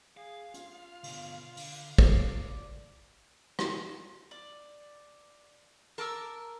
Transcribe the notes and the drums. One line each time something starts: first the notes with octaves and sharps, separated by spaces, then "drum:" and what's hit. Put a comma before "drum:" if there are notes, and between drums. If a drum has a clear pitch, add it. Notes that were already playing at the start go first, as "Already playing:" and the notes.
G#4 F5
F4, drum: hi-hat
B2 D3, drum: open hi-hat
D3, drum: open hi-hat
C#3 C5 D5, drum: kick
drum: rim click
D5
A#4 A5 D6 E6